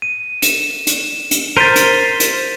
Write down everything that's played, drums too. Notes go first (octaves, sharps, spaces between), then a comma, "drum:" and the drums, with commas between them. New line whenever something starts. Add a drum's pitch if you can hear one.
D#7
E7, drum: hi-hat
drum: hi-hat
drum: hi-hat
A#4 C5 A6 B6 D#7
drum: hi-hat
drum: hi-hat